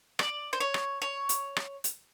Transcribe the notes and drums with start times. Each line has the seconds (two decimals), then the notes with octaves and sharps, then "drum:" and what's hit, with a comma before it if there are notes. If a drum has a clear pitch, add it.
0.19 D5, drum: rim click
0.53 C5
0.60 C#5
0.74 drum: rim click
1.02 C#5
1.29 drum: hi-hat
1.56 drum: rim click
1.84 drum: hi-hat